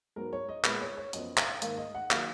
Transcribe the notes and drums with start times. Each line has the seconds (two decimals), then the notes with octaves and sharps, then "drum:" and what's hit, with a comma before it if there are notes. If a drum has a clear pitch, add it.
0.16 G#2 F#3 B3 A#4
0.33 C#5
0.49 D#5
0.64 A#2 G#3 B3 B4, drum: clap
0.81 C#5
0.97 C#5
1.13 F#2 F3 B3 D#5, drum: hi-hat
1.37 F5, drum: clap
1.62 G#2 D#3 A#3 F5, drum: hi-hat
1.78 D#5
1.95 F#5
2.11 D#3 F#3 A#3 F5, drum: clap